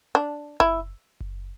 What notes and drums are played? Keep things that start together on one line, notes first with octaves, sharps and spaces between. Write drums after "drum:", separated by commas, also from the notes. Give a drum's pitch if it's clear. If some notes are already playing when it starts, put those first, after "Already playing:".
D4
E4, drum: kick F#1
drum: kick F#1